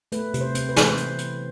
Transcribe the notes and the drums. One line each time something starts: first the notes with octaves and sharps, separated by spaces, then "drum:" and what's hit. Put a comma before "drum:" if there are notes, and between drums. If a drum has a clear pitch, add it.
A3 B4, drum: hi-hat
C3, drum: hi-hat
C5
C4, drum: hi-hat
B4
E3, drum: snare
C5
drum: hi-hat
drum: hi-hat